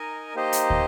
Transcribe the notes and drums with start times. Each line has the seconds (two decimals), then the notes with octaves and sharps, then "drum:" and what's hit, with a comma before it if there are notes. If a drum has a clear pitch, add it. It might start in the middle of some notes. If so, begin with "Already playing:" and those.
Already playing: D#4 A#4 D#5 G#5
0.35 A#3 D#4 G4 C5 D#5
0.53 drum: hi-hat
0.70 drum: kick